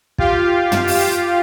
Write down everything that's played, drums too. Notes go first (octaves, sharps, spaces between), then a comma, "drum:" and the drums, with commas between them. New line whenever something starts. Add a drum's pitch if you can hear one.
F4 G4 F5, drum: kick
drum: tom
drum: open hi-hat